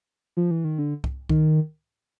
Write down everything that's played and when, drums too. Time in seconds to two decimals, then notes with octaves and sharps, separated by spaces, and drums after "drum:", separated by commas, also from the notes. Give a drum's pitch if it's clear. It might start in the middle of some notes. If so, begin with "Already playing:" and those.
0.37 F3
0.51 E3
0.64 D#3
0.79 D3
1.04 drum: kick C2
1.29 D#3, drum: kick C2